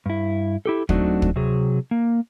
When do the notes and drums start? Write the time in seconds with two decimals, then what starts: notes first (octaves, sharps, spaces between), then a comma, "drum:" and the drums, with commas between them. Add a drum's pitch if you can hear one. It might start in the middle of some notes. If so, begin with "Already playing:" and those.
0.06 G2 E4
0.66 E4 G4 A4
0.89 F#3 A3 C4 D4 D#4 F#4, drum: kick
1.22 drum: kick
1.36 C3 F#3 G#4
1.91 A#3